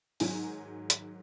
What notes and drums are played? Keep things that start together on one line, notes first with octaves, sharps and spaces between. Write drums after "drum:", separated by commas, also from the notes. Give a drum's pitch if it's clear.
G#2 D#3 F#3 G#5, drum: open hi-hat
drum: hi-hat